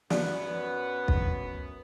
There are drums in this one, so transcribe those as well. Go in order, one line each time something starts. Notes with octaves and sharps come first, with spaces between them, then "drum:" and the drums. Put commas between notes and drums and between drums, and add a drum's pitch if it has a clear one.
F#2 B3 D5, drum: snare
drum: kick